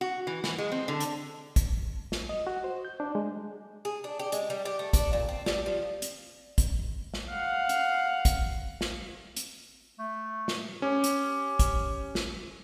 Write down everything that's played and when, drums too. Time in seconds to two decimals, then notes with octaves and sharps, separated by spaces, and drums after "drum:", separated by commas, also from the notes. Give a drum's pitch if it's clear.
0.01 F#4
0.27 E3
0.44 E3, drum: snare
0.58 G#3
0.72 C4
0.88 D3
1.00 drum: hi-hat
1.56 drum: kick, hi-hat
2.12 drum: snare
2.29 D#5
2.47 F#4
2.64 C5
2.85 G6
3.00 D4
3.15 G#3
3.85 G#4
4.04 D4
4.19 G4
4.32 G#3, drum: hi-hat
4.50 G3
4.65 G4
4.79 A3
4.93 D4, drum: kick, hi-hat
5.13 A#2
5.29 C4
5.46 G3, drum: snare
5.66 F3
6.02 drum: hi-hat
6.58 drum: kick, hi-hat
7.14 drum: snare
7.30 F5 F#5
7.69 drum: hi-hat
8.25 drum: kick, hi-hat
8.81 drum: snare
9.37 drum: hi-hat
9.99 A3
10.48 drum: snare
10.82 C#4 G4
11.04 drum: hi-hat
11.59 drum: kick, hi-hat
12.15 drum: snare